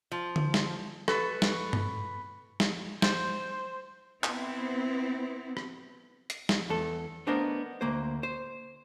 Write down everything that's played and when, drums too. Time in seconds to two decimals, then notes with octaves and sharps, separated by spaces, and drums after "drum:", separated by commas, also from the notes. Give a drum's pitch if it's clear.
0.12 F3
0.36 drum: tom D3
0.54 drum: snare
1.08 A4 B4 C#6, drum: rim click
1.42 drum: snare
1.73 drum: tom G2
2.60 drum: snare
3.02 C5, drum: snare
4.24 B3 C4 E4, drum: clap
5.57 drum: rim click
6.30 drum: hi-hat
6.49 drum: snare
6.69 E2 A4
7.27 A3 B3 D4 A#4 C5 D#5
7.81 D2 A#3 C5
8.23 C5